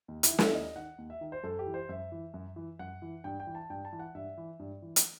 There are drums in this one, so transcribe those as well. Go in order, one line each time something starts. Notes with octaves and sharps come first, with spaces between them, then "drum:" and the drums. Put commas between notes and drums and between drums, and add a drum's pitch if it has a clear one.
D#2
E4, drum: hi-hat
D#3
E4, drum: snare
D#2 D#5
D#3 F#5
D#2
E5
D#3
C5
F#2 A4
G4
E3
C5
F#2 E5
E3
F#2
E3
F#2 F#5
E3
G2 G5
G5
E3
A5
G2 G5
A5
E3
F#5
G2 E5
E3
G2
E3
drum: hi-hat